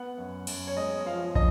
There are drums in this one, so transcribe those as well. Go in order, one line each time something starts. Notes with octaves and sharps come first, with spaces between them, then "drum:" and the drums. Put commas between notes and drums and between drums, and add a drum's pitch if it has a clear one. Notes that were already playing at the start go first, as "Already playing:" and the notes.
Already playing: B3 F#5
F#2
F#2, drum: cymbal
C#5
G#3 D#5
F3 F5
D#5, drum: kick